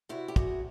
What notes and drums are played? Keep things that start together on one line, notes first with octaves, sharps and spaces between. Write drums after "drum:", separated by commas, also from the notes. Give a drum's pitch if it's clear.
C3 E4 F#4
G4
E2 F#4 G#4, drum: kick